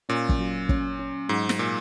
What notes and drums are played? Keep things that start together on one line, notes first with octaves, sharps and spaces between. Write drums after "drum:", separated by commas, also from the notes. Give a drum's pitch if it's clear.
A#2 C#4
drum: kick
F#3
C#4, drum: kick
C#4
G#2 F#3
drum: snare
A#2 F#3